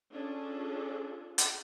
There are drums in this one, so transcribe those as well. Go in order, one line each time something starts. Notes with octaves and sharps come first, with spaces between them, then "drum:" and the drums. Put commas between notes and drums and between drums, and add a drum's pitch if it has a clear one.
C#4 D4 F4 G#4 A4
drum: hi-hat